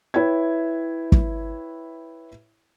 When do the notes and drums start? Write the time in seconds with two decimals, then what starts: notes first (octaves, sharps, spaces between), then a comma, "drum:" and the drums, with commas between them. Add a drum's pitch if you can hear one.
0.14 E4 B4 C#5 E5 G5 G#6
1.12 drum: kick